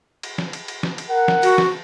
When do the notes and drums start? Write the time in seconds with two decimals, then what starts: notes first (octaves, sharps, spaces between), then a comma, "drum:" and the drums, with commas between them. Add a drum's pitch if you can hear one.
0.23 drum: cymbal
0.38 drum: snare
0.53 drum: cymbal
0.68 drum: cymbal
0.83 drum: snare
0.98 drum: cymbal
1.09 A#4 F#5
1.28 drum: snare
1.43 F#4, drum: cymbal
1.58 drum: snare